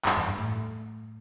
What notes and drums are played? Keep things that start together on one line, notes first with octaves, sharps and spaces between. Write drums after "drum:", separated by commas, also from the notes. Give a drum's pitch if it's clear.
G2, drum: clap
E2
G2
A2